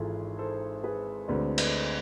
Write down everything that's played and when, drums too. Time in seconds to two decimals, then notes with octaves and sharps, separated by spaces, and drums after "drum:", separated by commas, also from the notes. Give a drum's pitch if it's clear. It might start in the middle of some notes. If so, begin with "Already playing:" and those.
Already playing: G#1 G#2 E3 E4 F4 G#4 A4
0.39 A4 C5
0.83 G#4 B4
1.28 D2 D3 G#3 C4 B4 D5
1.58 B4 D5, drum: cymbal